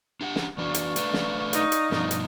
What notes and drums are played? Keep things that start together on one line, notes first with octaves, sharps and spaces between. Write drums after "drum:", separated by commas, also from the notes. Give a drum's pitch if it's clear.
D4 G4 F#5
drum: snare
E3 D4 F#4 D5 F5 C#6
drum: hi-hat
A3 D4 B4, drum: hi-hat
drum: snare
D#4, drum: hi-hat
drum: hi-hat
G2 B2 F3, drum: snare
drum: hi-hat